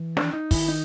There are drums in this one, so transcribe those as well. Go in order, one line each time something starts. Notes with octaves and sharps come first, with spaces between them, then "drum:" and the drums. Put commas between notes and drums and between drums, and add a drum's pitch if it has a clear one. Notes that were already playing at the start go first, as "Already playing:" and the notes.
Already playing: E3
D4, drum: snare
D#4
D#3 E4, drum: kick, open hi-hat
D#4